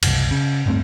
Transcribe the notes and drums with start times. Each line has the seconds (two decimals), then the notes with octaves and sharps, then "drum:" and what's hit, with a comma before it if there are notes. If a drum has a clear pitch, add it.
0.03 F#1 C2, drum: cymbal
0.31 C#3
0.66 D1 G2 A3 C4